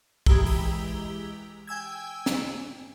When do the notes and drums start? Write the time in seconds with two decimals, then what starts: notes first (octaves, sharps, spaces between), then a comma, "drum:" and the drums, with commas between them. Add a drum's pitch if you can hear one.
0.26 E3 G#3 G4 A#5 E6 G7, drum: kick
0.46 drum: open hi-hat
1.67 G5 G#5 E6 G#6
2.26 drum: snare